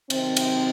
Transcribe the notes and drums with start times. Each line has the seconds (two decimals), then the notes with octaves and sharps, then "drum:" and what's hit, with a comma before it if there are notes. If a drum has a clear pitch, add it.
0.10 C3 D#3 F#3 C4, drum: cymbal
0.37 drum: cymbal